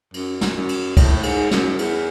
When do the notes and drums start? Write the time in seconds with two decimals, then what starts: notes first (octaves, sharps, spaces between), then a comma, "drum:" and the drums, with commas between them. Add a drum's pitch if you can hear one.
0.14 F#2, drum: cymbal
0.41 drum: snare
0.56 F#2
0.69 drum: cymbal
0.97 A2, drum: kick, cymbal
1.23 G#2, drum: cymbal
1.51 F#2, drum: snare
1.79 E2, drum: cymbal